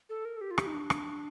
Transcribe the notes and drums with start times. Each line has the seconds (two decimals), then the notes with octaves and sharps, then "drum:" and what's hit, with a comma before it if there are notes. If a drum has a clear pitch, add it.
0.09 A4
0.25 A#4
0.37 A4
0.41 G4
0.51 F4
0.58 G4, drum: rim click
0.67 D#4
0.74 D4
0.90 drum: rim click